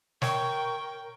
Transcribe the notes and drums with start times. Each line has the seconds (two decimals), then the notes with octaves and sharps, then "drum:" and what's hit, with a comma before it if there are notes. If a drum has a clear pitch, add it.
0.22 A#4 C#5 G5 C#6, drum: snare